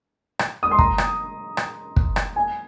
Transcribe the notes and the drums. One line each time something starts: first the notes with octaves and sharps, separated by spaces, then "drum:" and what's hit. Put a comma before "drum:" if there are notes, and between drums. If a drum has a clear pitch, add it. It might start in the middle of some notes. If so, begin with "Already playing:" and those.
drum: rim click
D#6
C6
A#5, drum: kick
drum: rim click
drum: rim click
drum: kick
drum: rim click
G#5